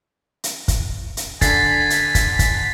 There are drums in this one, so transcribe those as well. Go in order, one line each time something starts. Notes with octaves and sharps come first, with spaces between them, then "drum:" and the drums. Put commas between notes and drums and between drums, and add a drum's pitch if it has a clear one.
drum: hi-hat
drum: kick, hi-hat
drum: hi-hat
D3 D4 G#5 A6 B6 C7, drum: kick, hi-hat
drum: hi-hat
drum: kick, hi-hat
drum: kick, hi-hat